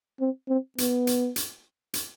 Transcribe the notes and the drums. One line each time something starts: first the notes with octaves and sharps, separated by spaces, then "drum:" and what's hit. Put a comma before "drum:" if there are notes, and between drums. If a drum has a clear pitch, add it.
C4
C4
B3, drum: hi-hat
drum: hi-hat
drum: hi-hat
drum: hi-hat